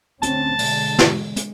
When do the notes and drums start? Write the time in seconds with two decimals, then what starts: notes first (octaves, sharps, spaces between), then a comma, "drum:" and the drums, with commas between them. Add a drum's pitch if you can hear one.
0.23 D2 C4 C#4 A5, drum: hi-hat
0.59 B2 D3 G#3, drum: open hi-hat
0.99 drum: snare
1.37 drum: hi-hat